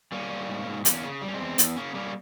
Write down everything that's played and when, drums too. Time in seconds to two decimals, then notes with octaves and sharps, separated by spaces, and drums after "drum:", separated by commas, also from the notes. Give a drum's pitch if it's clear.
0.12 G3 A#3 C#4
0.30 G3
0.49 G#2
0.66 G#2
0.85 E2 A#3 C#4, drum: hi-hat
1.04 C#3
1.22 G3
1.28 C#4
1.34 G#3 C4
1.40 E2
1.58 E2, drum: hi-hat
1.76 C#3 A#3 C#4
1.94 G3 A#3 C#4